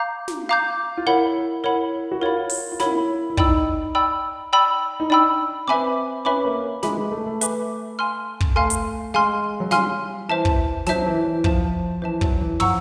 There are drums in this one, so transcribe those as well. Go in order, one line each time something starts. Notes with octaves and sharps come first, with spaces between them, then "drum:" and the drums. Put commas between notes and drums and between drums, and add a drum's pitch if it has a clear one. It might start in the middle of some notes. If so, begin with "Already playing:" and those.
Already playing: F5 A#5 D6 G6
drum: snare
F5 A#5 D6 G6
F4
E4 A#4 C#5 F#5 B5
E4 A#4 C#5 F#5 B5
F#4
F4 A#4 C#5 F#5 B5
drum: open hi-hat
F4
E4 A#4 C#5 F#5 B5, drum: snare
E4
D#4 D5 G5 B5 E6, drum: kick
D5 G5 B5 E6
D5 G5 B5 E6
D#4
D4 D5 G5 B5 E6
C4 B4 E5 G#5 B5 D6
C#4 B4 E5 G#5 B5 D6
A#3
G#3 B4 E5 G#5 B5 D6, drum: snare
G#3
A3
A3
B4 E5 G#5 B5 D6, drum: hi-hat
F5 G#5 C6 F6
drum: kick
A3 F5 G#5 C6 F6
drum: hi-hat
G#3 F5 G#5 C6 F6
F#3
G3 F5 G#5 C6 F6, drum: snare
E3 C5 E5 A5
drum: kick
F#3 C5 E5 A5, drum: snare
E3
E3
F3 C5 E5 A5, drum: kick
E3 C5 E5 A5
F#3, drum: kick
E3
F3 F#5 A#5 C#6 E6, drum: tom